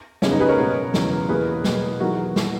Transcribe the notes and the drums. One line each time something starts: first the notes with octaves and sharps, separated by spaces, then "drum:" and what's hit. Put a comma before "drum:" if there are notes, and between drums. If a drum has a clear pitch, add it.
F#2 C#3 G#3 B3 C#4, drum: snare
D#4
G#4 B4
A#4 C#5
B2 G#3 B3
E2 C#3 F#3 B3, drum: snare
E2 B2 A#3 G#4 B4
B2 F#3 A#3, drum: snare
E2 D#3 F#3 B3 F#4 A#4
A#2 F#3 B3, drum: snare